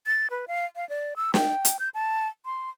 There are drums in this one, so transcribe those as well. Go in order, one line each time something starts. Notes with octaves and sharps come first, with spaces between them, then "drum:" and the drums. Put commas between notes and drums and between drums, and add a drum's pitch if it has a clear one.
A6
B4
F5
F5
D5
E6
G5, drum: snare
drum: hi-hat
G6
A5
C6